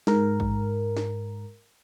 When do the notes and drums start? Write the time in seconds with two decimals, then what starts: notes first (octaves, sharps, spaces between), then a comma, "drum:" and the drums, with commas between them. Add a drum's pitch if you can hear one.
0.07 G#2 A#4, drum: snare
0.40 drum: kick A1
0.97 drum: snare